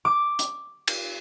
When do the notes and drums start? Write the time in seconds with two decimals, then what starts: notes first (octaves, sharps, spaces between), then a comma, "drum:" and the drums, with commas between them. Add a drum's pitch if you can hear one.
0.05 D6
0.39 drum: hi-hat
0.88 drum: cymbal